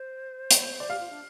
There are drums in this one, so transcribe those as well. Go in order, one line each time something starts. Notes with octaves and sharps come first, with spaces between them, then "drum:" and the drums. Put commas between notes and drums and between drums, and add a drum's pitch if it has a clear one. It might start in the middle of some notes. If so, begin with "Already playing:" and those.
Already playing: C5
drum: hi-hat
D5
G4 F5
F4
D4